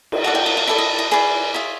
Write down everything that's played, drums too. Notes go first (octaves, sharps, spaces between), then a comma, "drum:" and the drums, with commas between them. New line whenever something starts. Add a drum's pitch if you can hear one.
drum: cymbal
F#4 A4 D5 F#5
G5
F5
F5
E4 A4 D5 E5
D#5
D#5
G#4 B4 D5 E5
F4 G#4 C#5 E5